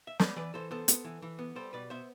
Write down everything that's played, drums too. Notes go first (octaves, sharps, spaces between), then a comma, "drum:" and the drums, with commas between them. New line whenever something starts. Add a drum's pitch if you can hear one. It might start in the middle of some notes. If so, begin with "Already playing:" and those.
E5
B3 B4 D5, drum: snare
E3 B4 D5
E3 A4 C5
B3 A4 C5
B3, drum: hi-hat
E3
E3
B3
G3 A4 C5
B2 B4 D5
B3 C5 E5